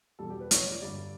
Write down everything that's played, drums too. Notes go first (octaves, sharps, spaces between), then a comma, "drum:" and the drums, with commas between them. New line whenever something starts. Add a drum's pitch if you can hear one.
E2 B2 G3 A4
G4
B4
C#5, drum: hi-hat
D5
G2 D3 G3 D5